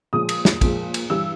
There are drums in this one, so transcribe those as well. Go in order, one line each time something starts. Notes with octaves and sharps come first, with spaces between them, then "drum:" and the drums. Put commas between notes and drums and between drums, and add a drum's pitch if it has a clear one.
A#2 F3 G#3 D#6
drum: cymbal
drum: snare
A#2 F3 G#3, drum: kick, cymbal
drum: cymbal
G2 E3 G3 E6